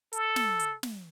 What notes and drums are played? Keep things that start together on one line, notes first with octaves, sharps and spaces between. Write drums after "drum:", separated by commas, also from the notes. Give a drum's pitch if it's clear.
A4, drum: hi-hat
drum: snare
drum: hi-hat
drum: snare